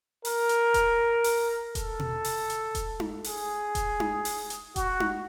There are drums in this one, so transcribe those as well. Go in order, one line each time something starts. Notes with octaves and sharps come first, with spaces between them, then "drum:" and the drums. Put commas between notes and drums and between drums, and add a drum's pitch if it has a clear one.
A#4, drum: open hi-hat
drum: hi-hat
drum: kick E1, hi-hat
drum: open hi-hat
A4, drum: kick E1, hi-hat
drum: tom B2
drum: open hi-hat
drum: hi-hat
drum: kick E1, hi-hat
drum: tom D#4
G#4, drum: open hi-hat
drum: kick E1, hi-hat
drum: tom D#4
drum: open hi-hat
drum: hi-hat
F#4, drum: kick E1, hi-hat
drum: tom D#4